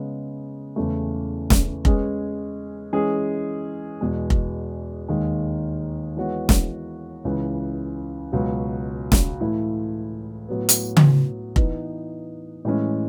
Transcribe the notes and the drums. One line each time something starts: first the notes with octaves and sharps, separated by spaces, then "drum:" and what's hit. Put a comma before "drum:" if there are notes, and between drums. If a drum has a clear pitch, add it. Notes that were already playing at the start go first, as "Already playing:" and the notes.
Already playing: C#3 G#3 B3
E2 C#3 E3 A3
drum: snare
G#3 C#4 G#4 B4, drum: kick F1
E3 G#3 C#4 G#4
E2 B2 G#3
drum: kick F1
D#2 D#3 G#3
E3 G#3 B3 F#4 C#5
drum: snare
C#2 C#3 E3
C#2 B2 F#3
drum: snare
A2 E3 A3 E4
A2 F#3 B3
drum: hi-hat
drum: tom C#3
E3 B3 D#4, drum: kick F1
A2 E3 G#3 C#4